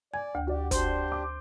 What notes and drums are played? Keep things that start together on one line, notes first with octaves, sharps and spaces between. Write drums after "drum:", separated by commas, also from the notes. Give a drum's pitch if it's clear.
D5 G#5 G#6
D2 G5
F#4 G4 D5
D4 G4 C5, drum: kick, hi-hat
D6